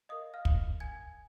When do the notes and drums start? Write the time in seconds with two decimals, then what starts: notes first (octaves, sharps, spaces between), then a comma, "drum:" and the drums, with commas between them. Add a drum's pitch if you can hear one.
0.09 A#4 D#5 F5 D#6
0.34 F5 F6
0.45 drum: kick
0.80 G#5 G#6